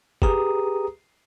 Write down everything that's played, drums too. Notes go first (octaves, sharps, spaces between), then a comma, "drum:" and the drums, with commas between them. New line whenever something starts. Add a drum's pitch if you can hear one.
G4 G#4 B4 A#5 D#6, drum: kick